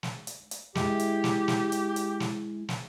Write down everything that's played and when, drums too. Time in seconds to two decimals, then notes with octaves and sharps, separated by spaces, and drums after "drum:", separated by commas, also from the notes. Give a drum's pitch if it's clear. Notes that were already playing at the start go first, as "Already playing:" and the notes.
0.03 drum: snare
0.27 drum: hi-hat
0.51 drum: hi-hat
0.75 G#3 E4 G4, drum: snare
0.99 drum: hi-hat
1.24 drum: snare
1.48 drum: snare
1.72 drum: hi-hat
1.96 drum: hi-hat
2.20 drum: snare
2.69 drum: snare